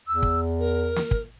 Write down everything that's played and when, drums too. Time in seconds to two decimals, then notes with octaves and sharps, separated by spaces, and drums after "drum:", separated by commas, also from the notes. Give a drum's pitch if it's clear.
0.08 E2 E6
0.23 drum: kick
0.60 A#4
0.96 drum: snare
1.11 drum: kick